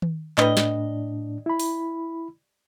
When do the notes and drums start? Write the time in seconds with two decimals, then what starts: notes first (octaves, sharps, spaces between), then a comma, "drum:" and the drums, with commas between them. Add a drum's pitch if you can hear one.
0.02 drum: tom D#3
0.38 A2 G3 D4 B4 D#5, drum: clap
0.57 drum: snare
1.46 E4 B5
1.60 drum: open hi-hat